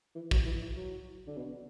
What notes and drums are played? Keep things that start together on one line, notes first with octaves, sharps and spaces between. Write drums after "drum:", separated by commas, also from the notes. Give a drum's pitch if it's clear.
E3
F#3, drum: kick
E3
E3
F#3
D3
B2